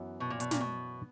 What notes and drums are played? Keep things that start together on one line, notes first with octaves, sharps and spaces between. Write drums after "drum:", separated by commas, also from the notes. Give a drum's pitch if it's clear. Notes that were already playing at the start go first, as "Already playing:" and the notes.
Already playing: F#2 E3 B3 F#4
B2
A#2
B2, drum: hi-hat
A#2, drum: snare
B2